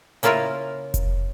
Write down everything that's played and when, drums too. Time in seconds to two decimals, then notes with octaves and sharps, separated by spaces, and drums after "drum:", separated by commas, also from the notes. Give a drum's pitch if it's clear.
0.23 C#3 A#3 E4 F4 A#4 E5, drum: hi-hat
0.94 drum: kick F1, hi-hat